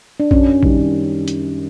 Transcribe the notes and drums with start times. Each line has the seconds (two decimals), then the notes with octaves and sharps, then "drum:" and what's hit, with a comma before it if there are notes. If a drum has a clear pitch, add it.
0.20 D4
0.31 F#2 C#4, drum: kick A#1
0.63 D#3 G3, drum: kick A#1
1.28 drum: hi-hat